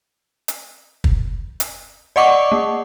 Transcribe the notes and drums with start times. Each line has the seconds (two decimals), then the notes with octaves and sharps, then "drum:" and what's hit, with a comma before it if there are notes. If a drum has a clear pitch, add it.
0.48 drum: hi-hat
1.04 drum: kick
1.60 drum: hi-hat
2.16 D5 D#5 F#5 C#6 D6
2.52 A#3